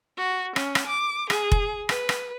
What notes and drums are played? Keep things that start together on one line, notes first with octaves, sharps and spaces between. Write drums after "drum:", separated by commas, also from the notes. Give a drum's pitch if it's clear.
F#4
C#4, drum: rim click
drum: rim click
D6
G#4, drum: rim click
drum: kick F1
B4, drum: rim click
drum: rim click